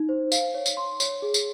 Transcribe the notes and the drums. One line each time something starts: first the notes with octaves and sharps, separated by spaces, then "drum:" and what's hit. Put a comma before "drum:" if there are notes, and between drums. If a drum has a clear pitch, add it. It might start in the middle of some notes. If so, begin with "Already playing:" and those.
Already playing: D#4
C5
F5, drum: tambourine
C#5
drum: tambourine
C6
C#5, drum: tambourine
G#4
drum: tambourine